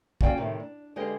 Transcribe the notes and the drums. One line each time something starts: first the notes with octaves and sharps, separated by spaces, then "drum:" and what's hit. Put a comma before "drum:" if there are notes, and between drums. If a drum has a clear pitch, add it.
A#3 C#4 F#4 D5 F5 G5, drum: kick
A2 C3 D#3
D4
D3 G#3 G4 B4 D#5 F5